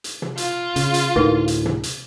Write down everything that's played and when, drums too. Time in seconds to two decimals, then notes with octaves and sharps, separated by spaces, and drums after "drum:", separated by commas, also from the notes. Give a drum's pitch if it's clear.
0.04 drum: hi-hat
0.22 drum: tom
0.37 F4, drum: hi-hat
0.76 C#3, drum: hi-hat
0.94 drum: hi-hat
1.16 D2 A2 D#4 A#4 B4
1.48 drum: hi-hat
1.66 drum: tom
1.83 drum: hi-hat